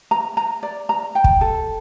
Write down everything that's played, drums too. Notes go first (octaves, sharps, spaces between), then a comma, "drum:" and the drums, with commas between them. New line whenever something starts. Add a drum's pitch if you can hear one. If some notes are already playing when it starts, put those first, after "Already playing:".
A#5
A#5
D5
A#5
G5
drum: kick
A4